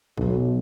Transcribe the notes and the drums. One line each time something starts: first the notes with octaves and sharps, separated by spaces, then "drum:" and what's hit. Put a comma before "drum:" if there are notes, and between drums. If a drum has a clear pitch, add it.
B1, drum: kick